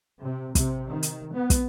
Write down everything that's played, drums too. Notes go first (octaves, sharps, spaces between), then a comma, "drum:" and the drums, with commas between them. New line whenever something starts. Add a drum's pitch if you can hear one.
C3
C3, drum: kick, hi-hat
D#3
drum: hi-hat
B3
drum: kick, hi-hat